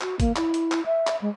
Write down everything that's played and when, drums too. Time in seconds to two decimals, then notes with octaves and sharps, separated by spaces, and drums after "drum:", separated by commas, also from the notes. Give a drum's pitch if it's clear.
0.01 F#4, drum: clap
0.20 A#3, drum: kick, hi-hat
0.36 E4, drum: clap
0.54 drum: hi-hat
0.72 drum: clap
0.86 E5
1.07 drum: clap
1.22 G#3